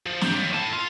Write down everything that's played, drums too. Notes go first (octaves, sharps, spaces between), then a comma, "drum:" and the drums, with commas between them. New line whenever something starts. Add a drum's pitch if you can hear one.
F3
D4 G4, drum: snare
D#2
A2 A5
F4